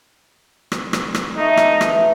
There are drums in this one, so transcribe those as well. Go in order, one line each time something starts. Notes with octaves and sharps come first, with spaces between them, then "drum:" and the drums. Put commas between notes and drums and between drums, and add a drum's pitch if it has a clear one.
drum: rim click
drum: rim click
drum: rim click
A3 D#4
drum: rim click
E3 G#4 A4, drum: rim click